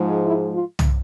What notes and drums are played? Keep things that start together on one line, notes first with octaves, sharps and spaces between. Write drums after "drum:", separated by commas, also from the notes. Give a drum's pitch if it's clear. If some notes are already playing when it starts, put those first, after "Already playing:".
Already playing: G#2 F3 G#3
E4
F4
drum: tom